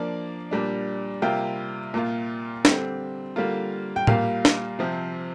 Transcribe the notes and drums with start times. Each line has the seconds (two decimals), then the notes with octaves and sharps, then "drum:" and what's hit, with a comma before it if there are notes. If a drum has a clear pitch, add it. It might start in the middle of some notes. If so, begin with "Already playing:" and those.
Already playing: F3 A#3 D4 D5
0.51 A#2 G3 D4
1.22 C3 G3 A#3 F4 G5
1.94 A#2 A#3 F4
2.65 D3 G3 C4, drum: snare
3.36 D3 G3 A#3 F4
3.96 G5
4.07 A#2 G3 A#3 F5, drum: tom
4.45 drum: snare
4.79 C3 F3 C4